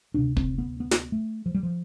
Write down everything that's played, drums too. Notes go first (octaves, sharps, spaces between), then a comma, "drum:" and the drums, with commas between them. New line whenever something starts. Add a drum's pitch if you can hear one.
D2 C3 D4
C4, drum: kick
B3
B3
drum: snare
A3
F3
G3
F3